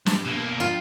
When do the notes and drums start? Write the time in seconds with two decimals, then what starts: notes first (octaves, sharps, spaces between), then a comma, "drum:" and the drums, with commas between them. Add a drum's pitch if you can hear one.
0.06 D4 G4, drum: snare
0.25 B2 A#3
0.41 A#4
0.60 F3 F4 G5